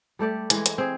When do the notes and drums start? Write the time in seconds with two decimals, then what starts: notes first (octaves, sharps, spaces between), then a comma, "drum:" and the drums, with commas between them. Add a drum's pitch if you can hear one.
0.19 G3 A3 G4 D5
0.50 E3 G#3, drum: hi-hat
0.66 drum: hi-hat
0.78 C4 G#4